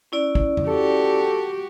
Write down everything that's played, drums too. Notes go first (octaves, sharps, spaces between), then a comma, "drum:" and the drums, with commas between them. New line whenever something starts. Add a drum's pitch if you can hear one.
C#4 E4 D5
drum: kick
drum: tom F2
F#4 G4 A4